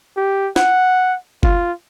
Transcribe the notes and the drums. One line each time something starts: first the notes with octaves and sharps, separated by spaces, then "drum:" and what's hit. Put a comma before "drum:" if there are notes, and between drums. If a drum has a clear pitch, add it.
G4
F#5, drum: snare
F4, drum: kick F#1